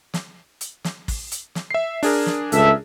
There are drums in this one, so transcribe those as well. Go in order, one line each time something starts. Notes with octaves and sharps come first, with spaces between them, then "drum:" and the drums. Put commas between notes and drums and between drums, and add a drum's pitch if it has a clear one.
drum: snare
drum: hi-hat
drum: snare
drum: kick, open hi-hat
drum: hi-hat
drum: snare
E5 C7
D4 G#4 A#4, drum: open hi-hat
drum: snare
C#2 A4 E5, drum: hi-hat